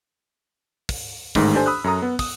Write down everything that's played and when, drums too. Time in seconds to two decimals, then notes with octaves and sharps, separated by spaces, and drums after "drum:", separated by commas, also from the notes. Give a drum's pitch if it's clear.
0.89 drum: kick, open hi-hat
1.35 A1 G#2 D#3 A3, drum: kick, open hi-hat
1.55 D4 G4 A4 C5 G#5
1.66 B5 D#6 E6 F#6
1.84 F#2 A4 A#5 D#6
2.02 B3
2.19 D#6, drum: kick, open hi-hat